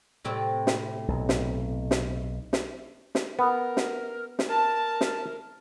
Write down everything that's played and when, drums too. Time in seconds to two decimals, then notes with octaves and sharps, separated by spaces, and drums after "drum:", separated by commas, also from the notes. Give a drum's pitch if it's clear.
0.25 A2 C3 C4
0.67 drum: snare
1.08 B1
1.29 drum: snare
1.91 drum: snare
2.53 drum: snare
3.15 drum: snare
3.39 B3 A#4
3.77 drum: snare
4.39 drum: snare
4.48 A#4 A5
5.01 drum: snare